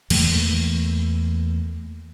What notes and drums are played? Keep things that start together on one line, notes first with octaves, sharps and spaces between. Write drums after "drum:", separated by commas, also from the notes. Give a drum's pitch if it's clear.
E2 E3 A3 A#3, drum: cymbal